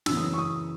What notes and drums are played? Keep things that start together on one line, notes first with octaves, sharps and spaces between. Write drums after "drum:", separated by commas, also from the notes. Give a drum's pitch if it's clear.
F#2 C#3 E3 E6, drum: snare
D#6
C#6
D#6